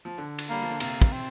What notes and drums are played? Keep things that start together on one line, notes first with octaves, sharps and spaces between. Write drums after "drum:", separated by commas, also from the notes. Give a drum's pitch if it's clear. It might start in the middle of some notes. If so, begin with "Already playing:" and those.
F3
D3
drum: cymbal
G3 A#3
F3
D3
C3 A#3, drum: cymbal
drum: kick
C4